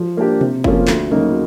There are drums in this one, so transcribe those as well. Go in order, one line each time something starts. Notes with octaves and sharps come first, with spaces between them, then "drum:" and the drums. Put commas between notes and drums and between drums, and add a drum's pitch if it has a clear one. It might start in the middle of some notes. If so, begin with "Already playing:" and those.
Already playing: F3
A#3 D4 G4
C3, drum: tom B2
F3 A#3 C#4 F4, drum: kick F#1
D2, drum: clap
C#3 F#3 A#3 D#4